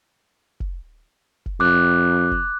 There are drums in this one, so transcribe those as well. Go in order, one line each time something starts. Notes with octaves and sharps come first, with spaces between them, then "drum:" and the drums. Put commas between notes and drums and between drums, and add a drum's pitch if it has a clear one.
drum: kick
drum: kick
F2 D6 F#6
drum: kick